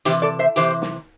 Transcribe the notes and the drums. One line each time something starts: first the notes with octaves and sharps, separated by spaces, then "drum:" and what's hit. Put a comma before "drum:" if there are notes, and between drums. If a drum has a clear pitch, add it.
C3 E3 G4 C5, drum: hi-hat
A4 D5
C5 E5
C3 E3 G4 C5, drum: hi-hat
drum: snare